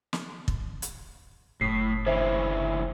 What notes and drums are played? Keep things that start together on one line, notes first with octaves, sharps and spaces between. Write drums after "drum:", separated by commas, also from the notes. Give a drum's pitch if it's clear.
drum: snare
drum: kick
drum: hi-hat
F#1 A2 D#6 B6 C7
D3 E3 C#4 C5 E5